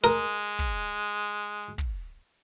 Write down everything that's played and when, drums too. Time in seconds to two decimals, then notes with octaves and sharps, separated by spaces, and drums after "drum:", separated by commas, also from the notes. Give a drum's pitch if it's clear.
0.04 G#3 A#4
0.59 drum: kick
1.78 drum: kick